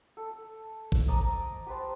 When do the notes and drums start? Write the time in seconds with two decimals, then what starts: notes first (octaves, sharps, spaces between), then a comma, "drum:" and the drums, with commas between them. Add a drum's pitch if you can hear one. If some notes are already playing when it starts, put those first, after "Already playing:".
0.17 A4
0.92 drum: kick
1.08 D#5 A5 A#5 D6
1.67 G4 B4 C5 A5